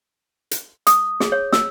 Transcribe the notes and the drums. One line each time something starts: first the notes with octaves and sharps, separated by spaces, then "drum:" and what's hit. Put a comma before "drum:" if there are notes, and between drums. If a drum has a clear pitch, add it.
drum: hi-hat
D#6, drum: hi-hat
G#4, drum: snare
C#5
E6, drum: snare